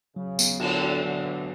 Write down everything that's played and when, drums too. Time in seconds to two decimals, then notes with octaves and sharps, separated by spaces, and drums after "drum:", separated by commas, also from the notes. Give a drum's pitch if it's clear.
0.16 C#3 F#3
0.39 B3, drum: tambourine
0.60 D3 F#4, drum: cymbal
0.82 F#4
1.04 D3 F#3
1.26 B4